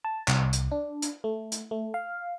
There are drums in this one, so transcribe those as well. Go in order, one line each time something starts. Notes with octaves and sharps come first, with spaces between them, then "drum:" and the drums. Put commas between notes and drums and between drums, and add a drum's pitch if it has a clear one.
A5
C2, drum: clap
drum: hi-hat
D4
drum: hi-hat
A3
drum: hi-hat
A3
F5